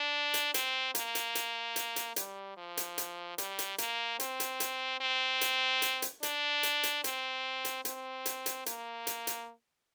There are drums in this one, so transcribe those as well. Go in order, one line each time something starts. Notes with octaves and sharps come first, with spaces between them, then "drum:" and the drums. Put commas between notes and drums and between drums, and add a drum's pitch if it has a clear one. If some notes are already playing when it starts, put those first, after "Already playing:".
Already playing: D4
drum: hi-hat
C4, drum: hi-hat
A#3, drum: hi-hat
drum: hi-hat
drum: hi-hat
drum: hi-hat
drum: hi-hat
G3, drum: hi-hat
F3
drum: hi-hat
drum: hi-hat
G3, drum: hi-hat
drum: hi-hat
A#3, drum: hi-hat
C4, drum: hi-hat
drum: hi-hat
drum: hi-hat
C4
drum: hi-hat
drum: hi-hat
drum: hi-hat
D4, drum: hi-hat
drum: hi-hat
drum: hi-hat
C4, drum: hi-hat
drum: hi-hat
C4, drum: hi-hat
drum: hi-hat
drum: hi-hat
A#3, drum: hi-hat
drum: hi-hat
drum: hi-hat